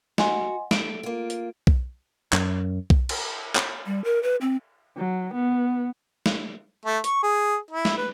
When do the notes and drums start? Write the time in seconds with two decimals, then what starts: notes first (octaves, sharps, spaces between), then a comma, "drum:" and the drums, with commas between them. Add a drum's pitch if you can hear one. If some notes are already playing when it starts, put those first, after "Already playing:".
0.18 F#4 D#5 G#5 C6, drum: snare
0.71 A3 D7, drum: snare
1.03 A#3 F4
1.30 drum: hi-hat
1.67 drum: kick B1
2.33 F#2, drum: clap
2.90 drum: kick B1
3.09 drum: cymbal
3.56 drum: clap
3.86 G3
4.04 A#4
4.23 B4
4.41 C4
4.97 F#3
5.34 B3
6.26 drum: snare
6.86 A3
7.04 C#6, drum: hi-hat
7.23 G#4
7.71 E4
7.85 drum: snare
7.98 B4